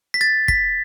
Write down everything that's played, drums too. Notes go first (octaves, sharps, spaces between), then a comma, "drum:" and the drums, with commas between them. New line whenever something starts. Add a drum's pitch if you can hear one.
B6
A6
B6, drum: kick